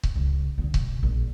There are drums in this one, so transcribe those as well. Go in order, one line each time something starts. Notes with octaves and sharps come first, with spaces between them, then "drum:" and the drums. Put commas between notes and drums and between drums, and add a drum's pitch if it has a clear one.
drum: kick C#1
C#2
D3 D#3
B2, drum: kick C#1
A#1